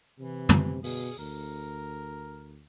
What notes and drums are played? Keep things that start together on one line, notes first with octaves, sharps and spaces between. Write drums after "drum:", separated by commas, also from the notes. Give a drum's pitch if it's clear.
C3 E3
drum: tom
B2 G#4, drum: open hi-hat
D2 A#4